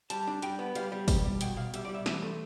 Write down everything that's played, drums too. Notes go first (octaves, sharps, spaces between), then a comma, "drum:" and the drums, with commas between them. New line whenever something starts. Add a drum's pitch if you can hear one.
G3 A5, drum: hi-hat
D4
G3 G5, drum: hi-hat
B3
G3 F5, drum: hi-hat
G3
B2, drum: kick, open hi-hat
G3
B2 G5, drum: hi-hat
B2 F5
G3 E5, drum: hi-hat
D5
G3
E5
E3 E5, drum: snare
A3